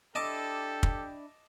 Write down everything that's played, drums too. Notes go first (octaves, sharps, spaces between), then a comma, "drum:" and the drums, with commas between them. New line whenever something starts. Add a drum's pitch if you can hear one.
D4 E4 G4 A4 D#5 A5 D6
drum: kick